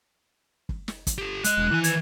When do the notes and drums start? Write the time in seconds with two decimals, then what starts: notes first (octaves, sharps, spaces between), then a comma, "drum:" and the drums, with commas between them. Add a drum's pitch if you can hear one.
0.69 drum: kick F#1
0.88 drum: snare
1.07 drum: kick F#1, hi-hat
1.18 G4 A4
1.44 G#3 D#5 F#6, drum: hi-hat
1.57 E1
1.71 D#3 E3 G#5
1.84 G#6, drum: hi-hat